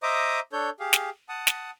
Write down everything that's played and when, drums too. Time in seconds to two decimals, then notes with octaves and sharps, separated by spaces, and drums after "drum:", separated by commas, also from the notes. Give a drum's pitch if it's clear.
0.03 C5 D#5 E5 A#5 D6 D#6
0.53 D4 A4 C#5 G6
0.80 G4 G#4 F5
0.93 drum: snare
1.29 F#5 A5 D#6
1.47 drum: snare